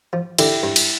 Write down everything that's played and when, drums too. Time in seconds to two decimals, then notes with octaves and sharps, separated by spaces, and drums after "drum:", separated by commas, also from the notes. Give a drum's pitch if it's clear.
0.13 F3
0.38 D3 E4 G4, drum: cymbal
0.63 G2
0.76 drum: cymbal